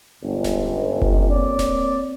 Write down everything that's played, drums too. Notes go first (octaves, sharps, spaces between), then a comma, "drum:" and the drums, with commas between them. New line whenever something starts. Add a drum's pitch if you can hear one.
G1 C#2
drum: snare D1
drum: kick F#1
A#3 C4 C#5 D5
drum: snare D1